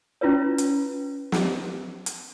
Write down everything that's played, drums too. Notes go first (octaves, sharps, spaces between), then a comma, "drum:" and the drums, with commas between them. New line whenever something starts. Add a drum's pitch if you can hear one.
C#4 E4 F4 B4 C#5
drum: hi-hat
drum: snare
drum: hi-hat